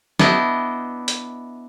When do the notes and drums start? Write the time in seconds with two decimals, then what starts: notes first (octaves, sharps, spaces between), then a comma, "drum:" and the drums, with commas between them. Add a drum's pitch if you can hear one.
0.19 B3 D4 E4 D#5 G5, drum: snare
1.08 drum: hi-hat